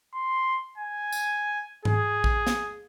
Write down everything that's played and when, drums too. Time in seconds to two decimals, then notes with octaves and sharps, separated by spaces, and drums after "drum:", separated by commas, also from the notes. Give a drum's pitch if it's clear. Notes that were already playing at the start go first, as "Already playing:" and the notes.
0.14 C6
0.78 G#5
1.12 drum: tambourine
1.85 G#4, drum: tom G#2
2.24 drum: kick A#1
2.47 drum: snare